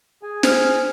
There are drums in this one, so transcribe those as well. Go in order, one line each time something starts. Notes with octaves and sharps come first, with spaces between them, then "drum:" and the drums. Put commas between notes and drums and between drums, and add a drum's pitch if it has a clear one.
G#4 G#5
C5 F6, drum: snare